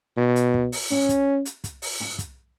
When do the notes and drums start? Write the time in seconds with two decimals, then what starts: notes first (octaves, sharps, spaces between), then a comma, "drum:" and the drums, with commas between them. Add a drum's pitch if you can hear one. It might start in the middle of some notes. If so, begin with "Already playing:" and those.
0.17 B2
0.36 drum: hi-hat
0.54 drum: kick
0.72 drum: open hi-hat
0.91 C#4, drum: tom
1.09 drum: kick, hi-hat
1.45 drum: hi-hat
1.64 drum: kick, hi-hat
1.82 drum: open hi-hat
2.00 drum: tom
2.19 drum: kick, hi-hat